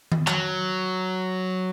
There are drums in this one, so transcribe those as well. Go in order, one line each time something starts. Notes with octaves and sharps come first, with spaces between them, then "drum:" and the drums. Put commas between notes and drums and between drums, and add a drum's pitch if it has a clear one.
drum: tom D#3
F#3, drum: clap